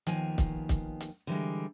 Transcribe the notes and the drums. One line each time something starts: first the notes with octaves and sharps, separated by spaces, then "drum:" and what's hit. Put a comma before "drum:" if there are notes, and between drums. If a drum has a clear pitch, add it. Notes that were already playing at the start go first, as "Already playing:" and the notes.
D#2 D#3 F3 B3 G#5, drum: hi-hat
drum: kick, hi-hat
drum: kick, hi-hat
drum: hi-hat
D3 E3 G3 G#3